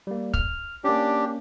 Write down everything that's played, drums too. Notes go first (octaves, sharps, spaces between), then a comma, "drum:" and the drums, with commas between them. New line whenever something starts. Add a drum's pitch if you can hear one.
G3 A#3
F6, drum: kick
A#3 C#4 D4 G4